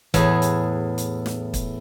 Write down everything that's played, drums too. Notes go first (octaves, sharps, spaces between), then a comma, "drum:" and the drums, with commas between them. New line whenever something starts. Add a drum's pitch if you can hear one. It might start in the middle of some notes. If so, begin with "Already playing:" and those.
E2 A2 B3 G#4, drum: kick, hi-hat
drum: hi-hat
drum: hi-hat
drum: snare
drum: kick, hi-hat